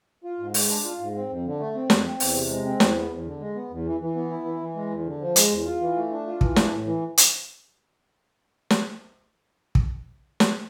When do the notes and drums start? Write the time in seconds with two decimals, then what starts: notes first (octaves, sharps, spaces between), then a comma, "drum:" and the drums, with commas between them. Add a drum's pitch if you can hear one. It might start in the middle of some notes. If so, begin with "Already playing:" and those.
0.24 F4
0.39 G#2
0.54 G#3, drum: open hi-hat
0.70 D4
0.85 F4
1.00 G#2
1.15 C4
1.29 F2
1.45 D3
1.60 A3
1.75 C4
1.90 F2, drum: snare
2.05 C4
2.20 E2, drum: open hi-hat
2.35 C3
2.50 G#3
2.65 C4
2.80 E2, drum: snare
2.95 B3
3.11 E2
3.26 D3
3.40 G#3
3.55 B3
3.70 E2
3.86 E3
4.01 E3
4.15 B3
4.30 E4
4.45 E3
4.60 E3
4.75 G#3
4.90 E2
5.06 D3
5.21 F3
5.36 G#3, drum: hi-hat
5.51 E2
5.65 F4
5.81 E3
5.96 A3
6.11 D4
6.26 F4
6.41 E3, drum: kick
6.56 D4, drum: snare
6.71 A2
6.86 E3
7.17 drum: hi-hat
8.70 drum: snare
9.75 drum: kick
10.40 drum: snare